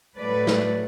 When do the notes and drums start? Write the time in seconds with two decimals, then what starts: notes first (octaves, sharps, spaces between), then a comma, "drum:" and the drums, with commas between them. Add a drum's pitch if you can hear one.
0.17 A2 F#3 A3 B4 D5
0.47 drum: snare